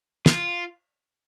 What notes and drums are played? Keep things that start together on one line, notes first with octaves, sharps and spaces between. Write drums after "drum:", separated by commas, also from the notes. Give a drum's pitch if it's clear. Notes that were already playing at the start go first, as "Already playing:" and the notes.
F4, drum: snare